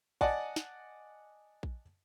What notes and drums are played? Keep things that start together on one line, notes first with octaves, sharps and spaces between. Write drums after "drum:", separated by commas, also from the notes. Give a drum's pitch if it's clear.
D5 D#5 F#5 G#5 A5, drum: kick A#1
drum: snare
drum: kick A#1